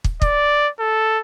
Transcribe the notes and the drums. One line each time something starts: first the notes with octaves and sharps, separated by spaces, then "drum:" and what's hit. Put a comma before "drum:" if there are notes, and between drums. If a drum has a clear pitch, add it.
drum: kick
D5, drum: kick
A4